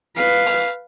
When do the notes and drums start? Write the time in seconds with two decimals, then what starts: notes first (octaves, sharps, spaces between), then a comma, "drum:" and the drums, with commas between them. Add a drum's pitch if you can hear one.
0.16 B4 F5, drum: hi-hat
0.46 drum: open hi-hat